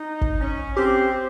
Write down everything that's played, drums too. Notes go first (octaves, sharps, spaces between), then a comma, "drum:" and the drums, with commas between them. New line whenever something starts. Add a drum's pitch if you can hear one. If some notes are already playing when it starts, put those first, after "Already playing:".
Already playing: D#4
drum: kick
C#4
C4 G4